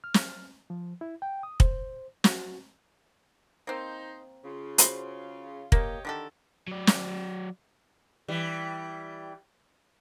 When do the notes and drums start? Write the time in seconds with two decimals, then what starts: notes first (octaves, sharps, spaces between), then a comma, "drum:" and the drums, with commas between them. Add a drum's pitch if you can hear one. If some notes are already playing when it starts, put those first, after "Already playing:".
0.04 F6
0.14 drum: snare
0.70 F3
1.01 E4
1.22 G5
1.43 D#6
1.60 C5, drum: kick
2.24 F#4, drum: snare
3.67 A#3 C4 D#4 C5
4.44 C#3 F4
4.78 F#4 C5 B5, drum: hi-hat
5.72 A#3 G4 C#5 D#5, drum: kick
6.05 D3 D#3 G4 A4 A#4
6.68 F#3 D5
6.87 drum: snare
8.28 E3 G3